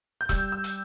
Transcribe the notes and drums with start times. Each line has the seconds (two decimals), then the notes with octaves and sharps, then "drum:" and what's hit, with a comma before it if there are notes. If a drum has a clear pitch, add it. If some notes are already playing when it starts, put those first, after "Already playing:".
0.21 G6
0.29 G3 E6, drum: kick E1, hi-hat
0.52 E6
0.64 drum: hi-hat